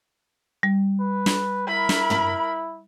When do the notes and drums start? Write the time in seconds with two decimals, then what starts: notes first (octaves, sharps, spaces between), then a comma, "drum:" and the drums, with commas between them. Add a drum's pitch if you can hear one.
0.63 G3
1.00 B4
1.26 drum: snare
1.68 E4 A#4 B5
1.89 drum: snare
2.10 drum: tom